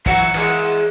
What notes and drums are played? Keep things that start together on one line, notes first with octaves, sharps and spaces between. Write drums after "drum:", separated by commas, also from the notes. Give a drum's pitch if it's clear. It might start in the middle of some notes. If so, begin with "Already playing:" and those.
E3 F#3 F#4 F#5, drum: kick
E3 G#3, drum: cymbal